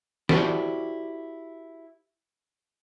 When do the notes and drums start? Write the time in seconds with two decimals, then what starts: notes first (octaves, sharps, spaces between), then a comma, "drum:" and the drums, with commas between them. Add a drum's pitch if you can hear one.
0.29 E4 F#4 G4 A4 C5 D5, drum: snare